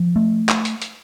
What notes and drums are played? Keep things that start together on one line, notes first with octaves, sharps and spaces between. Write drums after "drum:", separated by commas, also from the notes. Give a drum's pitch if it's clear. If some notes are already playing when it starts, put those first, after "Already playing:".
Already playing: F3
A3
drum: clap
drum: hi-hat
drum: hi-hat